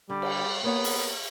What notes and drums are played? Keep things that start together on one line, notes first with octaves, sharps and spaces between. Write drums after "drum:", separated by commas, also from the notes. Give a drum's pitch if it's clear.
D3 G3
drum: cymbal
A#3 B3 C#5
drum: open hi-hat